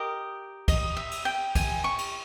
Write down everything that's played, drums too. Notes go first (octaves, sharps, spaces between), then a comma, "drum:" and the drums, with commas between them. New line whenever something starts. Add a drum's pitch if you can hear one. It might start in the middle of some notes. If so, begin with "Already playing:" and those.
Already playing: G4 A#4 D#5
D#5, drum: kick, cymbal
E5
drum: cymbal
G5
G#5, drum: kick, cymbal
C#6
drum: cymbal